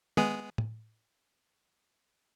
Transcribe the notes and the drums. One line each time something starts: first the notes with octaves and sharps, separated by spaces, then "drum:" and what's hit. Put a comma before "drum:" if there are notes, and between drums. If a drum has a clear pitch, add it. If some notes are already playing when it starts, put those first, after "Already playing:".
G#3 B3 G#4, drum: tom
drum: tom